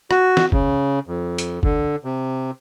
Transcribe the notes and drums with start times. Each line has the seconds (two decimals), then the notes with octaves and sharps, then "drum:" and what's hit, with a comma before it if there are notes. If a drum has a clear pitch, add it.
0.11 F#4, drum: rim click
0.37 drum: snare
0.52 C#3, drum: kick
1.07 F2
1.38 drum: hi-hat
1.63 D3, drum: kick
2.04 C3